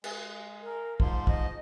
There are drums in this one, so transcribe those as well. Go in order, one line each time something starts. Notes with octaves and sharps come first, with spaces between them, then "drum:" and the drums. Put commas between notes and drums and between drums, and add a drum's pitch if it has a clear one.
G#3, drum: cymbal
A#4
G#2 F3 C6, drum: kick
D#5, drum: kick